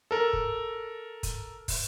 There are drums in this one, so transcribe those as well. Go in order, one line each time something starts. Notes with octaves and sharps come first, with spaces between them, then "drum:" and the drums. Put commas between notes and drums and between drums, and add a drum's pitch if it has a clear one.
A4 A#4
drum: kick
drum: kick, hi-hat
drum: kick, open hi-hat